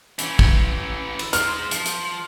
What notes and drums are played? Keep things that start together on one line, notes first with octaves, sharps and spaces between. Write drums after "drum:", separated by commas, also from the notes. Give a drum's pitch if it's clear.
E3 C#4, drum: hi-hat
drum: kick
drum: cymbal
G#3 C5 F6, drum: hi-hat
F3, drum: hi-hat
drum: hi-hat